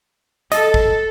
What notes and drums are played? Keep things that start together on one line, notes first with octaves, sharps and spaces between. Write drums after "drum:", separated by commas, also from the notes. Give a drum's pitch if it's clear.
A4 D#5, drum: hi-hat
drum: kick